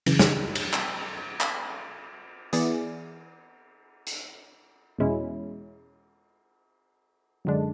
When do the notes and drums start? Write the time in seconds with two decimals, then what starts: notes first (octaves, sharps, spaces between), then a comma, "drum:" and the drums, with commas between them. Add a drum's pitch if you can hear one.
0.06 F#2 C#3 E3, drum: cymbal
0.19 drum: snare
0.55 drum: cymbal
0.73 drum: clap
1.41 drum: clap
2.53 E3 B3 E4 G#4 D5, drum: hi-hat
4.07 drum: hi-hat
4.98 E2 B2 G#3 C#4 E4
7.45 F#2 D3 G#3 D4